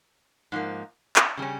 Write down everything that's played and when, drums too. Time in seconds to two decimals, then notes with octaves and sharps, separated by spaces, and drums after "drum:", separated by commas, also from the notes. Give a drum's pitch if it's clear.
0.52 G#2 F3 A#3
1.16 drum: clap
1.37 C#3 G3 C#4